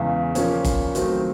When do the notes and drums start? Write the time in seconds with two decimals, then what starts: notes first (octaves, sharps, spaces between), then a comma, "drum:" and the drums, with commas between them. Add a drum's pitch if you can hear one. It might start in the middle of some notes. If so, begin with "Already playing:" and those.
Already playing: E2 C#3 E3 G#3 F5
0.35 A#2 F3 A#3 C#4, drum: hi-hat
0.65 drum: kick G1, hi-hat
0.95 D#3 F#3 A3 C4, drum: hi-hat